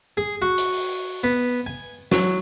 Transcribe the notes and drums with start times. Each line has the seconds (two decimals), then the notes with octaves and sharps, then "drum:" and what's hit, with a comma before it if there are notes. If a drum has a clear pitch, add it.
0.17 G#4
0.42 F#4
0.58 drum: hi-hat
0.73 drum: open hi-hat
1.23 B3
1.66 G#5
2.12 F#3, drum: snare